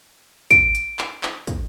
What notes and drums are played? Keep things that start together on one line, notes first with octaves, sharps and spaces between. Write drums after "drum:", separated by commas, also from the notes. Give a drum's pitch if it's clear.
D7, drum: kick, hi-hat
drum: hi-hat
drum: clap
drum: clap
drum: kick, hi-hat